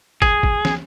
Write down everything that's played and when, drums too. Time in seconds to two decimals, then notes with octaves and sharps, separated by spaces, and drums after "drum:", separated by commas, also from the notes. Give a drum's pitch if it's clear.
0.22 G#4, drum: kick
0.43 drum: kick
0.65 drum: snare